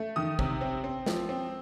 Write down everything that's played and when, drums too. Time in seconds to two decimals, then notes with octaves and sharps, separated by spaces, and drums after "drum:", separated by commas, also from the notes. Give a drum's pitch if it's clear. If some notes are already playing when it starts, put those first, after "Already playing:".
Already playing: A3
0.16 D#3 D#6
0.39 C3, drum: kick G#1
0.61 C4
0.84 C4
1.06 F3, drum: snare
1.29 C4